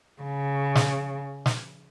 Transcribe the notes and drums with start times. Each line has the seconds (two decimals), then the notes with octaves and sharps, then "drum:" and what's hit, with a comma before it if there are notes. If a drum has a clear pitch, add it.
0.22 C#3
0.75 drum: snare
1.46 drum: snare